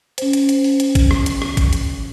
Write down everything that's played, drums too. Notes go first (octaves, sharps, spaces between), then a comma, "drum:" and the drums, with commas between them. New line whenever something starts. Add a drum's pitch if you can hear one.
C#4 C5, drum: hi-hat
drum: hi-hat
drum: hi-hat
drum: open hi-hat
drum: hi-hat
drum: kick, hi-hat
drum: rim click
drum: hi-hat
drum: rim click
drum: kick, hi-hat
drum: hi-hat